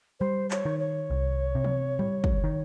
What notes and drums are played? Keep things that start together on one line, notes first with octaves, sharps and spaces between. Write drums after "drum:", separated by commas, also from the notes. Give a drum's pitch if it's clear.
G3 C5
C#5, drum: clap
D#3
C#5
C2
C3
drum: tom E3
G3, drum: tom G#2
drum: kick
D#3